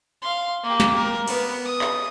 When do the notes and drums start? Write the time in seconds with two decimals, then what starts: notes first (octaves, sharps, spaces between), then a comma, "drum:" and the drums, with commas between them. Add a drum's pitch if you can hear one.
0.21 F5 C6
0.63 A#3 G4
0.80 drum: snare
0.95 A#4
1.28 B3, drum: cymbal
1.65 D#6
1.81 drum: clap